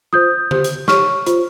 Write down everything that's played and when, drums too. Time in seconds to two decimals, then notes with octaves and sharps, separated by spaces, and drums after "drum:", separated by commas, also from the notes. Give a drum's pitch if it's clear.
0.13 F4 C5 D#6 G6
0.51 G4 C5, drum: tom D3
0.64 drum: hi-hat
0.88 G4 C#5 C#6 F6, drum: snare
1.26 F4 C5, drum: hi-hat